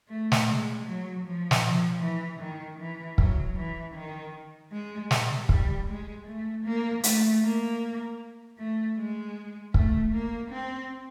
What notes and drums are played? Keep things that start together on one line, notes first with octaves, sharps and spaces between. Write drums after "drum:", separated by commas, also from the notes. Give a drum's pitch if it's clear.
A3
drum: snare
G#3
F#3
F3
drum: snare
F3
E3
D#3
E3
F#3, drum: kick
E3
D#3
G#3
G3, drum: snare
G3, drum: kick
G#3
A3
A#3
A3, drum: hi-hat
A#3
A3
G#3
A3, drum: kick
A#3
C4